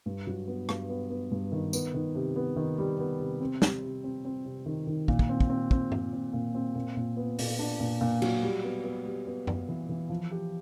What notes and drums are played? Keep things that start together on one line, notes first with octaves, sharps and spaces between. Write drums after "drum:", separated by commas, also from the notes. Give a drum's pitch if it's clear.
G2
F#3
B3
G2, drum: rim click
B3
B3
G2
D#3
B3, drum: tambourine
D#3
C3
B3
D#3
G3
B3
C3
C4
G3, drum: snare
C3
C4
C4
C3
D#3
D#3
A#2, drum: kick
drum: kick
C4
drum: kick
C4
C4, drum: kick
C4, drum: tom G2
C4
A#2
C4
A#2
A#2
B3
A#2, drum: open hi-hat
D4
A#2
A#2
F#3, drum: cymbal
G3
B3
B3
G3
B3
B3, drum: tom F#2
E3
E3
F3
G4